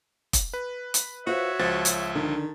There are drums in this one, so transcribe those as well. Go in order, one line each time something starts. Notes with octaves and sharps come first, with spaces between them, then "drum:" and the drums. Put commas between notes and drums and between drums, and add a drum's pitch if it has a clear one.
drum: kick, hi-hat
B4
drum: hi-hat
F4 F#4 C5 C#5 E5
C#2 F3 C5 A6
drum: hi-hat
D3 D#3